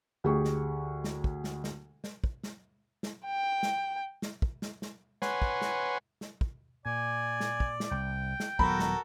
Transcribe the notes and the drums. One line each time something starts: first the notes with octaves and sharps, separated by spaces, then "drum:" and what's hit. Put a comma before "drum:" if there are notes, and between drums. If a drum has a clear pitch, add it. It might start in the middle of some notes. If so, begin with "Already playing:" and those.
D2 G4 G#4 C#6
drum: snare
drum: snare
drum: kick
drum: snare
drum: snare
drum: snare
drum: kick
drum: snare
drum: snare
G5
drum: snare
drum: snare
drum: kick
drum: snare
drum: snare
B4 C#5 F#5 G#5 C6, drum: snare
drum: kick
drum: snare
drum: snare
drum: kick
A#2 D5 G#5
drum: snare
drum: kick
drum: snare
C2 G5
drum: snare
D#1 F#3 B3 F#4 A4 A#4 B5, drum: kick
drum: snare